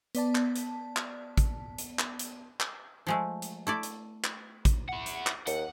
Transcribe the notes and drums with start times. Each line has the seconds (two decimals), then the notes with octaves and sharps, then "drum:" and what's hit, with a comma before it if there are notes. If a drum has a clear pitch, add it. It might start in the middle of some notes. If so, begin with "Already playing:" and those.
0.15 B3 D5 A5, drum: hi-hat
0.35 drum: clap
0.56 drum: hi-hat
0.97 drum: clap
1.38 drum: kick A1, hi-hat
1.78 drum: hi-hat
1.99 drum: clap
2.19 drum: hi-hat
2.60 drum: clap
3.07 F3 G#3 A3
3.42 drum: hi-hat
3.67 A3 E4 D5
3.83 drum: hi-hat
4.24 drum: clap
4.65 drum: kick A1, hi-hat
4.89 E4 F#5
5.06 drum: hi-hat
5.27 drum: clap
5.47 D#2 F#5, drum: hi-hat